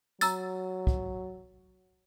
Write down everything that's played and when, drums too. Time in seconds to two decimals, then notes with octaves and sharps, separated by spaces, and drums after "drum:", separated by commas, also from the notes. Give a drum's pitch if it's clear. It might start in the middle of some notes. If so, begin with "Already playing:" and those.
0.21 F#3 A#5 E6 A6, drum: tambourine
0.87 drum: kick